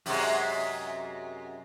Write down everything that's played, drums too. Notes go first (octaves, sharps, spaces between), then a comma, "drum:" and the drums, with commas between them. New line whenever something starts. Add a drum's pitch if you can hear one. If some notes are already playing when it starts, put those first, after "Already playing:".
F#2 C3 G#3, drum: open hi-hat